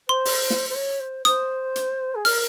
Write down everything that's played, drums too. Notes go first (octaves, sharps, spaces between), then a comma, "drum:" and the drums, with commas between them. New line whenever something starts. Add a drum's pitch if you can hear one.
C5 C6
drum: open hi-hat
drum: snare
C5
C#5
C5
C5 D#6, drum: hi-hat
drum: hi-hat
G#4
A#4 F6, drum: open hi-hat